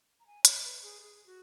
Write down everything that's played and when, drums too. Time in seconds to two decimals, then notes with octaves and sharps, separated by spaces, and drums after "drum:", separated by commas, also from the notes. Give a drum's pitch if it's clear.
0.20 A#5
0.27 G#5
0.45 C#5, drum: hi-hat
0.64 B4
0.82 G#4
1.02 G#4
1.26 F#4